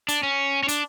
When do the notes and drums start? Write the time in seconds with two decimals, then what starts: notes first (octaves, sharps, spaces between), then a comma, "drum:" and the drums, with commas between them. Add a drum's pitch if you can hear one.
0.08 D4, drum: hi-hat
0.23 C#4
0.63 C#4
0.68 D4, drum: hi-hat